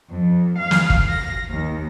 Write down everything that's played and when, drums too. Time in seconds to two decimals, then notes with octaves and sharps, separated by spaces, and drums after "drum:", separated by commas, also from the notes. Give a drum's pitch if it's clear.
0.11 F2
0.58 F5
0.71 drum: snare
0.90 drum: kick
1.09 A#6
1.49 D#2